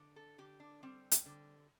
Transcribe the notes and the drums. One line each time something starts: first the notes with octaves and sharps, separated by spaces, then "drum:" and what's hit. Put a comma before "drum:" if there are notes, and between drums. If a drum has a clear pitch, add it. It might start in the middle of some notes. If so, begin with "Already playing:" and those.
Already playing: D3
A4
D3 G4
D4
G3 C4
drum: hi-hat
D3